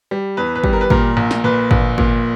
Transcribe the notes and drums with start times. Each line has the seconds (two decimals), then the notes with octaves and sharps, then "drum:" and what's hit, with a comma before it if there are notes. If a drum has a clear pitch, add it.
0.11 G3
0.37 E2 B4
0.56 B4
0.64 G3, drum: kick
0.73 A#4
0.81 B4
0.90 A#2 A#4, drum: kick
1.17 A#1
1.31 drum: snare
1.44 A#2 B4
1.71 A#1, drum: kick
1.98 A#2, drum: kick